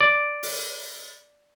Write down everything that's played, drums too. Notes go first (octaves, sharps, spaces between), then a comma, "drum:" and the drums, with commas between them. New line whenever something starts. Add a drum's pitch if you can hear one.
D5
drum: open hi-hat